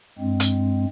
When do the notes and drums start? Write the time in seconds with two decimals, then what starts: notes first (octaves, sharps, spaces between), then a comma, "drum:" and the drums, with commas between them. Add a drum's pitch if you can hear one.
0.19 G2 G#3 C4
0.40 drum: hi-hat